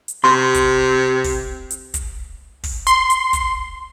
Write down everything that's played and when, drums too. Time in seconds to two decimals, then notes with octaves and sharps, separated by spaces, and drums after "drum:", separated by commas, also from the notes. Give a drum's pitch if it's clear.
0.08 drum: hi-hat
0.24 C3 C6
0.55 drum: kick, hi-hat
1.24 drum: kick, open hi-hat
1.71 drum: hi-hat
1.94 drum: kick, hi-hat
2.64 drum: kick, open hi-hat
2.87 C6, drum: hi-hat
3.10 drum: hi-hat
3.33 drum: kick, hi-hat